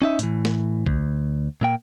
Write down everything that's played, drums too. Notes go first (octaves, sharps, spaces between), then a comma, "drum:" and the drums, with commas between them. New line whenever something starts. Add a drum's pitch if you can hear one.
C#4 D#4 E5
A2 E3, drum: hi-hat
drum: snare
D2, drum: kick B1
A#2 A#3 G5